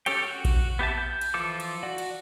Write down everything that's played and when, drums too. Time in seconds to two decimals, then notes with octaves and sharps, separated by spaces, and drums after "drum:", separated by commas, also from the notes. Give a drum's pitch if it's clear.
0.06 C#4 G4 A4 C#5 G5, drum: cymbal
0.28 F#4
0.45 drum: kick A#1, cymbal
0.79 B3 G4 E5 A5
0.98 G6
1.21 drum: cymbal
1.34 E3 F3 F4 A4 D6
1.60 drum: cymbal
1.83 F#4 D5 F#5
1.98 drum: cymbal